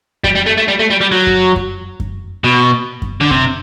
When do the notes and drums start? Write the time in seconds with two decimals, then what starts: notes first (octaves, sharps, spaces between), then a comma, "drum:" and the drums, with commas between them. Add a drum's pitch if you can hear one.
0.24 G3, drum: kick F#2
0.36 G3
0.46 A3
0.58 A3
0.68 G3
0.80 A3
0.91 G3
1.01 G3
1.12 F#3
1.27 drum: kick F#2
1.56 drum: kick F#2
2.00 drum: kick F#2
2.44 B2
3.02 drum: kick F#2
3.21 D3
3.31 C3, drum: kick F#2